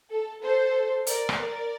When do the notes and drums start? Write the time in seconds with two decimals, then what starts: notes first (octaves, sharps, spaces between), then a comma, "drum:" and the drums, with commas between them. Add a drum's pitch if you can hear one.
0.11 A4
0.43 A4 C5
1.07 A#4 D5, drum: hi-hat
1.29 drum: rim click
1.38 A#4 D5